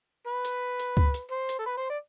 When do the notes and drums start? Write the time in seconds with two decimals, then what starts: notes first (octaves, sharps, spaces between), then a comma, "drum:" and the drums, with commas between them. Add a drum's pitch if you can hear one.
0.27 B4
0.45 drum: hi-hat
0.79 drum: hi-hat
0.97 drum: kick C#2
1.14 drum: hi-hat
1.32 C5
1.49 drum: hi-hat
1.59 A4
1.66 B4
1.77 C5
1.90 D5